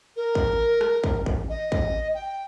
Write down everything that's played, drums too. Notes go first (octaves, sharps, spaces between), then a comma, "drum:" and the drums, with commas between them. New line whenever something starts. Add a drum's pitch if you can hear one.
A#4
drum: kick
drum: rim click
drum: kick
drum: kick
D#5
drum: kick
G5